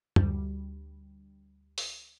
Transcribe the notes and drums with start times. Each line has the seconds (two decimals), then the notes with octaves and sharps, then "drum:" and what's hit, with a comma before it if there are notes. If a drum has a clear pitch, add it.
0.16 D2 G3, drum: tom
1.78 drum: open hi-hat